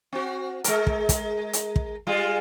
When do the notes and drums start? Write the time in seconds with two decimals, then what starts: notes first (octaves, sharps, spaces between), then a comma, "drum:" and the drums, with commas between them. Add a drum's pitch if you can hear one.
0.13 C4 F#4
0.64 G#3 A#4, drum: hi-hat
0.87 drum: kick
1.09 drum: kick, hi-hat
1.53 drum: hi-hat
1.76 drum: kick
2.07 G3 G#3 F4